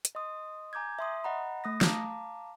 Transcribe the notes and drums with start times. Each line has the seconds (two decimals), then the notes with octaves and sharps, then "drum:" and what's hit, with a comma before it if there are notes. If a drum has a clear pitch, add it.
0.05 drum: hi-hat
0.15 D#5 C6 D#6
0.73 G#5 A#5 D6 G6 G#6
0.99 E5 C6 D#6
1.24 D#5 F#5 A#5 B5
1.64 A3 D#6 A#6
1.81 F5 A5 A#5 D6, drum: snare